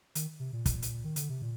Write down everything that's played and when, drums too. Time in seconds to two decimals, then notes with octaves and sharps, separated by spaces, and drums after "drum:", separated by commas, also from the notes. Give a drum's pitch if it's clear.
0.15 D#3, drum: hi-hat
0.40 C3
0.53 A#2
0.66 drum: kick, hi-hat
0.82 drum: hi-hat
1.04 D#3
1.16 D3, drum: hi-hat
1.29 C3
1.42 A#2